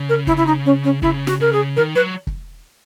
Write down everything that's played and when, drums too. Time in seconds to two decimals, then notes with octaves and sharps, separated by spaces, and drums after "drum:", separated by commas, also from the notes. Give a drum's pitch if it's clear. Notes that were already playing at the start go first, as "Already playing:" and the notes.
Already playing: C#3
0.09 A#4
0.27 E4, drum: kick
0.37 E4
0.47 D#4
0.66 C#4
0.84 C#4
1.02 C#3 E4, drum: kick
1.27 F#4, drum: snare
1.40 C#3 A#4
1.53 G#4
1.76 D#3 A#4
1.95 F#3 B4
2.27 drum: kick